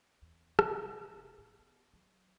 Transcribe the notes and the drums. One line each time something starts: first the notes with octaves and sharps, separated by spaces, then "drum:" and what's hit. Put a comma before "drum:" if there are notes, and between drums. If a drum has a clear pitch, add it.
E2
C3, drum: rim click
F1
A2
B3
F#3